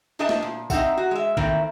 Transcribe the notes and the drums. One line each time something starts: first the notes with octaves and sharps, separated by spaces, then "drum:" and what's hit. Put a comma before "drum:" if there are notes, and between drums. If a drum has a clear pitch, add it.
D4 G4 A4 D#5 E5 A5
drum: snare
A#2
C4 D#4 F#4 G4 E5 F#5, drum: kick, tambourine
F#4
G#3 E5
A2 D#3 E3 A3 A#3 C4, drum: kick